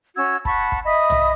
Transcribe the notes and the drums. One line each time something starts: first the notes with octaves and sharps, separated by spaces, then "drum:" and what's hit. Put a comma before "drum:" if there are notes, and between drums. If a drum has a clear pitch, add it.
C#4 F#4 E6 G#6
F#5 A5 B5 C#6, drum: kick
drum: kick
D#5 E5 B5 D#6
drum: tom B1